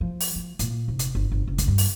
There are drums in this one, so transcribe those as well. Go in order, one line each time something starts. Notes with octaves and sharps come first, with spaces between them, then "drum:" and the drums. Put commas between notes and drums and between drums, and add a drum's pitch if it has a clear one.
F3
drum: open hi-hat
F3
A#2, drum: hi-hat
F1
drum: hi-hat
G1
G1
F#1
drum: kick, hi-hat
G2
drum: open hi-hat